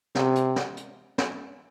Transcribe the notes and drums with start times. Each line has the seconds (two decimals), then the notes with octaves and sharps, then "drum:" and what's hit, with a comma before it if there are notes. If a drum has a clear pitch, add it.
0.15 C3, drum: snare
0.35 drum: hi-hat
0.56 drum: snare
0.77 drum: hi-hat
1.18 drum: snare